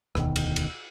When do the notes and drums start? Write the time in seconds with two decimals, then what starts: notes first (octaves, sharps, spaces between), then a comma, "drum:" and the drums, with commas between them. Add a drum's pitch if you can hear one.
0.15 E1 D2 B2 D#3, drum: rim click
0.36 drum: cymbal
0.56 drum: cymbal